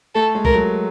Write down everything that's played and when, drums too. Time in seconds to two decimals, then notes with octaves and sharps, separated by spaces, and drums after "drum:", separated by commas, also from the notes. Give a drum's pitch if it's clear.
0.15 A3 A4
0.35 G#3
0.45 A#4, drum: kick
0.54 F#3